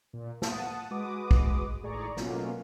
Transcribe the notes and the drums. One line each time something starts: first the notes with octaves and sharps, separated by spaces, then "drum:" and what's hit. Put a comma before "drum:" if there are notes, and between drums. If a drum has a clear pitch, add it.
A#2
F#5 A5 D#6, drum: snare
G#3 F#4 B4 D6 D#6
drum: kick
G#1 A2 G#4 D5 A#5 C#6
B2 F#3 A3 A#3 C#4 F4, drum: snare